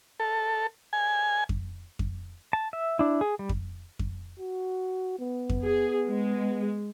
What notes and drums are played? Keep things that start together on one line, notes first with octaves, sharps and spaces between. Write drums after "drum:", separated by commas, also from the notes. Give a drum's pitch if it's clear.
A4
G#5
drum: kick F2
drum: kick F2
A5
E5
D4 E4
G#4
G3
drum: kick F2
drum: kick F2
F#4
B3
drum: kick F2
G#4
G#3